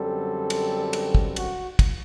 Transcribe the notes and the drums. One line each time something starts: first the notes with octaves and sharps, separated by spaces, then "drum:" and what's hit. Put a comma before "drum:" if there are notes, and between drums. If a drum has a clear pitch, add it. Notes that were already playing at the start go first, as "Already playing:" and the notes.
Already playing: F#2 D3 G3 C4 A4
drum: cymbal
drum: cymbal
drum: kick
F#4, drum: cymbal
drum: kick, cymbal